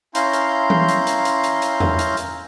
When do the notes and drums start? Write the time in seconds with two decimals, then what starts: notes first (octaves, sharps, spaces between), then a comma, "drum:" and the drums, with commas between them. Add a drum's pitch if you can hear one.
0.15 C#4 E4 F5 A#5 C6 G6, drum: hi-hat
0.33 drum: hi-hat
0.70 drum: tom E3
0.88 drum: hi-hat
1.07 drum: hi-hat
1.25 drum: hi-hat
1.44 drum: hi-hat
1.62 drum: hi-hat
1.80 drum: tom E2
1.99 drum: hi-hat
2.17 drum: hi-hat